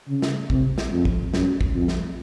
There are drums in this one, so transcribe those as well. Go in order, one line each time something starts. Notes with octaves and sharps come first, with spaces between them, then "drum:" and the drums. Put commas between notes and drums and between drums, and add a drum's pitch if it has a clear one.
C#3
drum: snare
C3, drum: kick
drum: snare
F2
drum: kick
F#2, drum: snare
drum: kick
F2
drum: snare